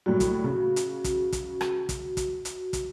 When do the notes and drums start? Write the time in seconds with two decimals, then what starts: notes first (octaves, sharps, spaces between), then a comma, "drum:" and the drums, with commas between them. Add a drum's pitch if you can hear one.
0.06 A2 F#3 G3 F#4
0.20 drum: kick, hi-hat
0.44 C#3
0.76 drum: hi-hat
1.04 drum: kick, hi-hat
1.33 drum: kick, hi-hat
1.61 drum: rim click
1.89 drum: kick, hi-hat
2.17 drum: kick, hi-hat
2.45 drum: hi-hat
2.73 drum: kick, hi-hat